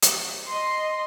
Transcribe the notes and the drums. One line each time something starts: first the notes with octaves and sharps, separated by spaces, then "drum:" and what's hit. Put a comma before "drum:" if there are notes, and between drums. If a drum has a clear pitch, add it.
drum: hi-hat
D#5 C6